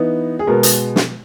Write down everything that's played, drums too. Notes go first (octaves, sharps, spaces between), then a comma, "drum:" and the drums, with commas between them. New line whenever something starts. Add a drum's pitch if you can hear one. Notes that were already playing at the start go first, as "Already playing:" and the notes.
Already playing: E3 B3 D#4
G#4
B2 G#3 B3 A#4
drum: hi-hat
drum: snare